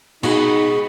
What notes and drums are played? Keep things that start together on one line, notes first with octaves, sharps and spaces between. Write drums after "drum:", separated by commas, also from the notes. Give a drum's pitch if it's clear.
B2 G#3 D#4 F#4 G#4 D#5 B5 C#6, drum: cymbal